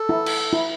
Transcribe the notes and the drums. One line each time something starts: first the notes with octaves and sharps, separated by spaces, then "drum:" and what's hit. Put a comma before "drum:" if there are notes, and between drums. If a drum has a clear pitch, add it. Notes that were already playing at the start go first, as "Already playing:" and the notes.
Already playing: A4
E4
drum: cymbal
E4